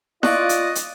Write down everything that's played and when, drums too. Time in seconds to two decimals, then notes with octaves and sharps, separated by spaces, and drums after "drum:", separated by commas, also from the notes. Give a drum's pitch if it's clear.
0.23 F4 D5 D#5 C#6 F#6, drum: snare E4
0.49 drum: hi-hat
0.75 drum: hi-hat